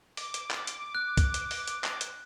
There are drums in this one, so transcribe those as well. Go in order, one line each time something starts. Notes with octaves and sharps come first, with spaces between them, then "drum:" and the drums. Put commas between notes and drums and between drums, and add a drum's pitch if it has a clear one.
D6, drum: open hi-hat
drum: hi-hat
drum: clap
drum: hi-hat
F#6
drum: kick C2, hi-hat
drum: hi-hat
drum: open hi-hat
drum: hi-hat
drum: clap
drum: hi-hat